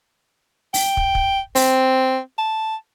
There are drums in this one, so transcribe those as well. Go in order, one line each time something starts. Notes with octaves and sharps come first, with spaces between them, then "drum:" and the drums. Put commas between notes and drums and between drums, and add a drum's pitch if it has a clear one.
G5, drum: open hi-hat
drum: kick
drum: kick
C4, drum: open hi-hat
A5